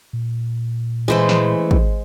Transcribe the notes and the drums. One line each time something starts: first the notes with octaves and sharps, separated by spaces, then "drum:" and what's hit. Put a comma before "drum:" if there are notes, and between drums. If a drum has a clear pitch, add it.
A#2
C#3 E3 G#3 A3 C5
drum: snare
drum: kick